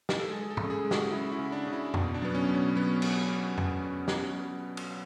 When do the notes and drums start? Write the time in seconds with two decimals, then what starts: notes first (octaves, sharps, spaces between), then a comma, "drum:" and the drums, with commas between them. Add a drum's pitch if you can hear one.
0.09 drum: snare
0.19 A4
0.30 G#3 G#4
0.50 A4
0.57 C#3, drum: tom
0.70 G#4
0.85 G#3
0.91 F#4, drum: snare
1.11 C#3 E4
1.32 E4
1.39 C#3
1.52 D4
1.67 C#3
1.73 E4
1.94 B2, drum: tom F2
2.14 D4
2.22 F#3 B3
2.35 C#4
2.49 B2
2.56 C#4
2.75 F#3 B3
3.02 drum: cymbal
3.58 drum: tom F2
4.08 drum: snare
4.77 drum: cymbal